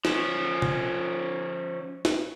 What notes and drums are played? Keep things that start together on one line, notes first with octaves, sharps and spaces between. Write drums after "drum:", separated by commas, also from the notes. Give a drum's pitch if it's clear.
F3 C#4, drum: snare
drum: tom
drum: snare